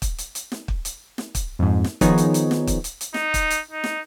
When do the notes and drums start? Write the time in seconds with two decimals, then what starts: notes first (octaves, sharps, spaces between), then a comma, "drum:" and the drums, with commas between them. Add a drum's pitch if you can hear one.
0.02 drum: kick, hi-hat
0.18 drum: hi-hat
0.35 drum: hi-hat
0.52 drum: snare
0.68 drum: kick
0.85 drum: hi-hat
1.18 drum: snare
1.35 drum: kick, hi-hat
1.59 F2 G#2
1.84 drum: snare
2.01 D#3 F3 B3 D#4 G#4 C#5, drum: kick, hi-hat
2.18 drum: hi-hat
2.34 drum: hi-hat
2.51 drum: snare
2.67 drum: kick, hi-hat
2.84 drum: hi-hat
3.01 drum: hi-hat
3.14 D#4, drum: snare
3.34 drum: kick, hi-hat
3.50 drum: hi-hat
3.71 D#4
3.84 drum: snare